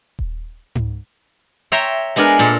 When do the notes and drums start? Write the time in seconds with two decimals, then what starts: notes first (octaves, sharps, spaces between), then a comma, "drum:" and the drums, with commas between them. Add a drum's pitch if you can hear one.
0.19 drum: kick D#1
0.75 drum: tom G#2
1.72 C#5 E5 G5 A#5 C6
2.16 G#3 B3 D4 G#4 A#4, drum: hi-hat
2.39 A#2 A4